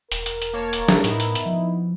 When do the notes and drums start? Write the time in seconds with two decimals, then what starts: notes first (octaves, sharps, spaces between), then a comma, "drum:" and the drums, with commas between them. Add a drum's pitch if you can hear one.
0.12 E1 A#4, drum: hi-hat
0.26 drum: hi-hat
0.42 drum: hi-hat
0.53 A#3 C#5 A5
0.73 drum: hi-hat
0.88 drum: snare
1.04 A2 B3 D#4 E4, drum: hi-hat
1.20 drum: hi-hat
1.35 drum: hi-hat
1.46 F3